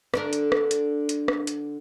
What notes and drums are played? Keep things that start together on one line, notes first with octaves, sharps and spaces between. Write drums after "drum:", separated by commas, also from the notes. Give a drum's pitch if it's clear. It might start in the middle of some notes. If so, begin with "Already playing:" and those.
D3 D4 A#4, drum: rim click
drum: hi-hat
drum: rim click
drum: hi-hat
drum: hi-hat
drum: rim click
drum: hi-hat